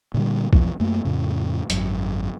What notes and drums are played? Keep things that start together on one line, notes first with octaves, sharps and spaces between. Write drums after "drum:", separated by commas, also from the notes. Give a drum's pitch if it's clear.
A#2 D3 G3
B1 E2 E3 F3, drum: kick
F#2 A3 A#3
F2 A2 C#3
G#1 F#2, drum: hi-hat